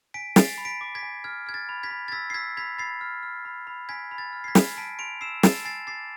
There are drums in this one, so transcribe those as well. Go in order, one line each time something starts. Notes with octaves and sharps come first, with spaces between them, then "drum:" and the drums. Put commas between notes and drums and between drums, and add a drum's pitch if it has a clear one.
G#5 B6 D7
G#5 A6 C7, drum: snare
B5
B6 D7
D6
G#6 B6
G#5
F6 G#6
F6 G#6
A6
B5
G#6 B6
B5
A6
E6 G#6 B6
C7
E6 G#6 B6
B5 G#6 B6
B5 A6 C7
F6
F6
B5
B5
G#5 G#6 B6
B5
A6
F6
C7
G#6 B6
G#5, drum: snare
A5 B6 D7
C6 D7 F7
E6 C7 E7
A5 A6 C7, drum: snare
G#5 A6 C7
D6 A6 C7